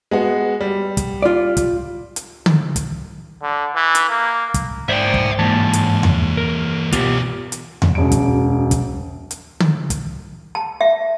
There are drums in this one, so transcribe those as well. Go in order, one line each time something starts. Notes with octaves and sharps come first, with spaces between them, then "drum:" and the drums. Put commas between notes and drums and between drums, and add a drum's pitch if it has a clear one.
G#3 B3 F#4
G3
drum: kick, hi-hat
F4 D5
drum: kick, hi-hat
drum: hi-hat
drum: tom D3
drum: kick, hi-hat
D3
E3
drum: hi-hat
A#3
drum: kick, hi-hat
G#2 C5 D5 E5 G5
drum: kick
G#2 E3 A#3 A5
drum: hi-hat
drum: tom E2
A#4
B2 B3 F4 G4, drum: kick, hi-hat
drum: hi-hat
drum: tom E2
E1 F#2 D7
drum: kick, hi-hat
drum: kick, hi-hat
drum: hi-hat
drum: tom D3
drum: kick, hi-hat
A5
E5